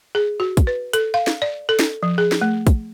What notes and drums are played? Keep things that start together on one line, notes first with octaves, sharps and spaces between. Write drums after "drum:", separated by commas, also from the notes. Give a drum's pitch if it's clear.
G#4
F#4
drum: kick, hi-hat
B4
A4, drum: hi-hat
F5
drum: snare
D5
A4
drum: snare
F3
G#4
drum: snare
A3
drum: kick, hi-hat